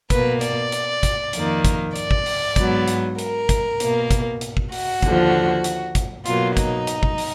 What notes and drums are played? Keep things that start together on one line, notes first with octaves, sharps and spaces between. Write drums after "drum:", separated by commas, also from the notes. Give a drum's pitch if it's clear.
B2 A#3 B4, drum: kick, hi-hat
D5, drum: hi-hat
drum: hi-hat
drum: kick, hi-hat
F2 D#3 A#3, drum: hi-hat
drum: kick, hi-hat
D5, drum: hi-hat
drum: kick
drum: open hi-hat
G#2 F#3 B3, drum: kick, hi-hat
drum: hi-hat
A#4, drum: hi-hat
drum: kick, hi-hat
B2 A#3, drum: hi-hat
drum: kick, hi-hat
drum: hi-hat
drum: kick
F#4, drum: open hi-hat
D#2 D3 F3, drum: kick, hi-hat
drum: hi-hat
drum: kick, hi-hat
B2 F#3 A#3 F4, drum: hi-hat
D#4, drum: kick, hi-hat
drum: hi-hat
drum: kick
drum: open hi-hat